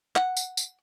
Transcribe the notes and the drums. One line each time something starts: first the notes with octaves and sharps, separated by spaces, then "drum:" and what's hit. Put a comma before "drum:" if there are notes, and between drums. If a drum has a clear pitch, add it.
F#5, drum: clap
drum: tambourine
drum: tambourine